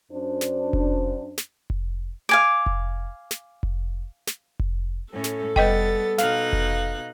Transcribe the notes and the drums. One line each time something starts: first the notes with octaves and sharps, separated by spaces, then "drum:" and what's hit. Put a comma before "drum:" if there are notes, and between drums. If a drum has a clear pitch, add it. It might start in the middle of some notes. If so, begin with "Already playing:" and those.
F#2 D4 C5
drum: snare
drum: kick F1
drum: snare
drum: kick F1
F5 G#5 D6
drum: kick F1
drum: snare
drum: kick F1
drum: snare
drum: kick F1
A2 C#4 A4
drum: snare
G3 B3 B4 D#5 G5 A6, drum: kick F1
B2 D#4 F5 F#6, drum: snare
drum: kick F1